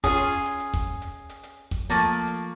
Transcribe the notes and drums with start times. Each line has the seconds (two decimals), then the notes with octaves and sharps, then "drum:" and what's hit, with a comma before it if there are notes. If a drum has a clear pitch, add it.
0.04 C#4 F4 G#4, drum: kick, hi-hat
0.18 drum: hi-hat
0.46 drum: hi-hat
0.60 drum: hi-hat
0.74 drum: kick, hi-hat
1.02 drum: hi-hat
1.29 drum: hi-hat
1.43 drum: hi-hat
1.71 drum: kick, hi-hat
1.89 F3 A3 A#3
1.99 drum: hi-hat
2.13 drum: hi-hat
2.27 drum: hi-hat